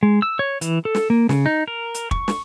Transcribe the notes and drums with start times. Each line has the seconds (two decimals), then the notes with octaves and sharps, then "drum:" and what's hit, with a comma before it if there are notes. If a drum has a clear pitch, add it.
0.03 G#3
0.22 E6
0.39 C#5
0.61 E3, drum: hi-hat
0.85 A4
0.95 drum: snare
1.10 A#3
1.29 C#3, drum: snare
1.46 D#4
1.68 A#4
1.94 drum: hi-hat
2.11 C#6, drum: kick
2.28 drum: snare